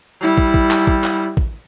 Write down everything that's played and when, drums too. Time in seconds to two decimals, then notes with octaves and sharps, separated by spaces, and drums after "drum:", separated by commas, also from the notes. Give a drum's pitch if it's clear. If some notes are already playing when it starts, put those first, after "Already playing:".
0.21 G3 E4
0.38 drum: kick
0.54 drum: kick
0.71 drum: clap
0.87 drum: kick
1.04 drum: clap
1.37 drum: kick